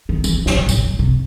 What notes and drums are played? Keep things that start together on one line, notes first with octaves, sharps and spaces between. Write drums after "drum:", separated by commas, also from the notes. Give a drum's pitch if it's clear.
D#3
E3, drum: tambourine
C#3, drum: snare
G#2
A2, drum: tambourine
F#2
C3